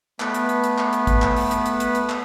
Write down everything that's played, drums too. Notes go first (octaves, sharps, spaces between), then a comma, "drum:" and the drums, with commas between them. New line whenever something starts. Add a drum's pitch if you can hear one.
A3 B3 B4, drum: clap
drum: hi-hat
drum: hi-hat
drum: hi-hat
drum: clap
drum: hi-hat
drum: kick, hi-hat
drum: clap
drum: open hi-hat
drum: hi-hat
drum: hi-hat
drum: hi-hat
drum: hi-hat
drum: clap